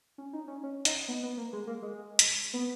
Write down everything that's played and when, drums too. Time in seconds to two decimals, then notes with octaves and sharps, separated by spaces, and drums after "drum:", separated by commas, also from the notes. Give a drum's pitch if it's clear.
0.18 C#4
0.33 D#4
0.48 C#4
0.63 C#4
0.85 D#4, drum: hi-hat
1.08 B3
1.23 B3
1.37 A#3
1.53 G#3
1.67 A#3
1.82 G#3
2.19 drum: hi-hat
2.54 B3